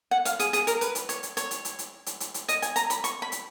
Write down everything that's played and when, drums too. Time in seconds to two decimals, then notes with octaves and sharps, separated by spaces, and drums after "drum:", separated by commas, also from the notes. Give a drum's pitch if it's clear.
0.11 F#5
0.25 F5, drum: hi-hat
0.39 G#4, drum: hi-hat
0.53 G#4, drum: hi-hat
0.67 A#4, drum: hi-hat
0.81 B4, drum: hi-hat
0.95 drum: hi-hat
1.09 C#5, drum: hi-hat
1.23 drum: hi-hat
1.37 C#5, drum: hi-hat
1.51 drum: hi-hat
1.65 drum: hi-hat
1.79 drum: hi-hat
2.06 drum: hi-hat
2.20 drum: hi-hat
2.34 drum: hi-hat
2.48 D#5, drum: hi-hat
2.62 G#5, drum: hi-hat
2.76 A#5, drum: hi-hat
2.90 B5, drum: hi-hat
3.04 C#6, drum: hi-hat
3.22 B5
3.32 drum: hi-hat